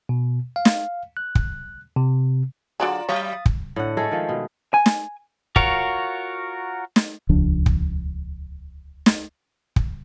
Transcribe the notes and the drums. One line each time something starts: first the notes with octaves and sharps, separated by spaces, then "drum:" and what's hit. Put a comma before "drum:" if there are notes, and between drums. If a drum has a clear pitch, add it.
B2
F5
drum: snare
F#6
drum: kick
C3
D3 F#3 F4 G#4 D5 A#5
F#3 G3 G4 C#5 F5 D#6 A6
drum: kick
A2 D3 F#5
G#3 A3 A4
D#3 F3
B2
G#5
drum: snare
F4 F#4 A#4 C#5 F5, drum: kick
drum: snare
D#1 C#2 F3 D4
drum: kick
drum: snare
drum: kick